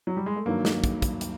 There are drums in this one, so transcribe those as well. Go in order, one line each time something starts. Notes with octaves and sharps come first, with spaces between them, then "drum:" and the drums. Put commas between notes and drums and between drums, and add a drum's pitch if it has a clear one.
F#3
G3
G#3
A3
G2 D#3 F#3 A#3
drum: snare
drum: kick, hi-hat
drum: kick, hi-hat
drum: hi-hat